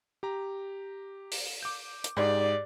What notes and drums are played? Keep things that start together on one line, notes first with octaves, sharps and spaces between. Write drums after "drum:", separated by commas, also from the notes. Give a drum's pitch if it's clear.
G4 A#5
drum: open hi-hat
D6 G6
drum: hi-hat
G#2 G4 G#4 D5